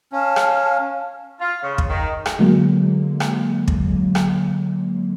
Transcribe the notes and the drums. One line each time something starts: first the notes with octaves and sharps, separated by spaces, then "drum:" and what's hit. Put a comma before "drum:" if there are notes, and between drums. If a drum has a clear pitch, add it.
C#4 F5 A5 F6
drum: rim click
F4
C#3
drum: kick
D#3
drum: rim click
D3 F#3 G#3 A#3
drum: rim click
drum: kick
drum: rim click